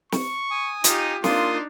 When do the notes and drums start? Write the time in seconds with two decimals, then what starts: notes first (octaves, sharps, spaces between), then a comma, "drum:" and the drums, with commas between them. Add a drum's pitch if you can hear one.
0.12 C#6, drum: snare
0.51 G#5 D#6
0.84 D#4 F4 G4, drum: hi-hat
1.24 A#3 D4 D#4 F4 C6 D#6, drum: snare